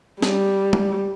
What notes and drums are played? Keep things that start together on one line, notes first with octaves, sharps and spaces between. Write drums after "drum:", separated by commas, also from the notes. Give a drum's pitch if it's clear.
G3, drum: snare
drum: tom